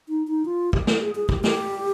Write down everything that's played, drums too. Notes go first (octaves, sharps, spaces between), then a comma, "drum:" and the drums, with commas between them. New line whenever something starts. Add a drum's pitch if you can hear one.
D#4
D#4
F4
G4, drum: kick
drum: snare
G#4
G#4
G4, drum: kick
G4, drum: snare